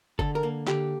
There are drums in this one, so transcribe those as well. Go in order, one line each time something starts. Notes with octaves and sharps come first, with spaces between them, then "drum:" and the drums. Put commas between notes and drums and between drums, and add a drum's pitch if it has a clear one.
D3 A4, drum: kick
A#4
A#3
D3 G4, drum: clap